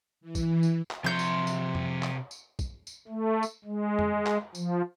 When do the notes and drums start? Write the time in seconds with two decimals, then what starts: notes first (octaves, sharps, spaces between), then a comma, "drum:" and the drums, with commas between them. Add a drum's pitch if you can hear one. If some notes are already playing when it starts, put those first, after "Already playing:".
0.21 E3
0.35 drum: kick, tambourine
0.63 drum: tambourine
0.91 drum: clap
1.04 C3 F3 C#5 C6 G6
1.19 drum: tambourine
1.47 drum: tambourine
1.75 drum: tom
2.03 drum: clap
2.31 drum: tambourine
2.59 drum: kick, tambourine
2.87 drum: tambourine
3.08 A3
3.43 drum: tambourine
3.64 G#3
3.99 drum: tom
4.27 drum: clap
4.55 F3, drum: tambourine